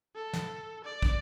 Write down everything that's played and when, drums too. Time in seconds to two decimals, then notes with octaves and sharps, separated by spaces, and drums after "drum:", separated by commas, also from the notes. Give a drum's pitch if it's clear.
0.16 A4
0.33 drum: snare
0.85 D5
1.02 drum: kick